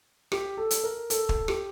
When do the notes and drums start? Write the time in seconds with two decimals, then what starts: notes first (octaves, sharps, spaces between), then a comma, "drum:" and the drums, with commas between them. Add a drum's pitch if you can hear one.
0.32 G4, drum: rim click
0.57 A4
0.71 drum: hi-hat
0.84 A#4
1.10 A4, drum: hi-hat
1.29 drum: kick
1.48 G4, drum: rim click